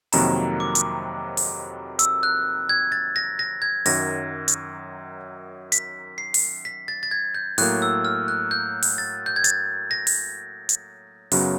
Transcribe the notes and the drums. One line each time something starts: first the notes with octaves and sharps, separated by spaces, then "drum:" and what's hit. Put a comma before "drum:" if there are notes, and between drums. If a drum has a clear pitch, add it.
F2 C3 D#3 F#3 A#3 A#5, drum: open hi-hat
D6
drum: hi-hat
drum: open hi-hat
E6, drum: hi-hat
F#6
G#6
A6
A#6
A#6
G#6
F#2 D#3 F#3 A#6, drum: open hi-hat
drum: hi-hat
B6, drum: hi-hat
C7
drum: open hi-hat
B6
A6
A6
G#6
G6
A2 F#3 A#3 F#6, drum: open hi-hat
E6
F6
F#6
G6
drum: open hi-hat
A6
G6
G#6
A6, drum: hi-hat
A#6
drum: open hi-hat
drum: hi-hat
F#2 C#3 F#3 B3, drum: open hi-hat